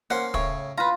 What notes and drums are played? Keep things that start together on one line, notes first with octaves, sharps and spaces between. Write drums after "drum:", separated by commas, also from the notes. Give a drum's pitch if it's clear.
A#3 C#4 C5 F#5
A2 C#3 C#5, drum: kick
F4 B4 A#5